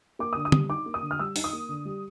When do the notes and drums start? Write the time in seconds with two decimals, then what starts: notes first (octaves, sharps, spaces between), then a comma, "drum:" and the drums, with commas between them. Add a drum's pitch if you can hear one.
0.19 A#3 D6
0.33 D#6
0.36 D3
0.45 D#6
0.52 G3, drum: tom
0.69 D#4 D6
0.86 A#3
0.94 D#6
1.02 D3
1.11 F6
1.19 G3 E6
1.36 D#4, drum: open hi-hat
1.44 D#6
1.53 A#3
1.69 D3
1.85 G3